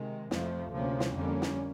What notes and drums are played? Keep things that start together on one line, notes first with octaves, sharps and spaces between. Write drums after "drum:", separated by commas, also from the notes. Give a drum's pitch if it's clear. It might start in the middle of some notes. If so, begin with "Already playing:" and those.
Already playing: C3 D#3 G#3
F2 C3 F3 A3, drum: snare
D2 C3 F3 A#3 C#4
drum: snare
F2 D3 G3 A#3 C#4
drum: snare